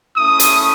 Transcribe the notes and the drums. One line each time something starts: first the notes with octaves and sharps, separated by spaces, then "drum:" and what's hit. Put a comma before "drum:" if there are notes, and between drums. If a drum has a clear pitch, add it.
A3 C#4 E4 D#6
drum: hi-hat